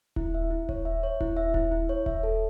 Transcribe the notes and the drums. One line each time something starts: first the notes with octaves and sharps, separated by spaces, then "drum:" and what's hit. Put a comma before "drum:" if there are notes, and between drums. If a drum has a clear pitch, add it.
E4, drum: kick D#1
E5
E4
C#5, drum: kick D#1
E5
C#5
E4, drum: kick D#1
E5
E4, drum: kick D#1
E4
C#5
E5, drum: kick D#1
A4